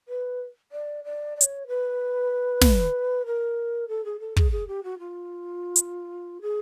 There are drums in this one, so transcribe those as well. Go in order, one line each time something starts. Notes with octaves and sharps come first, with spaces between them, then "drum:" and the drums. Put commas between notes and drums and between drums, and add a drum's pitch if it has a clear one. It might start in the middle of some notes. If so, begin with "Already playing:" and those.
B4
D5
D5
D5
C#5, drum: hi-hat
B4
drum: snare
A#4
A4
G#4
A4
G#4, drum: kick
G#4
G4
F#4
F4
drum: hi-hat
G#4